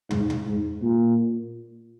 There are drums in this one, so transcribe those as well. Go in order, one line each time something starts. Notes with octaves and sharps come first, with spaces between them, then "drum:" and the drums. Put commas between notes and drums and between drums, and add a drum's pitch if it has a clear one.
G#2, drum: tom
drum: tom
G#2
A#2